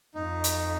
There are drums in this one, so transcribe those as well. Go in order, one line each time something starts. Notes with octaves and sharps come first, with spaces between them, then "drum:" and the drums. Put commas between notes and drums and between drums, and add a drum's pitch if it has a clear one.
F2 D#4
drum: hi-hat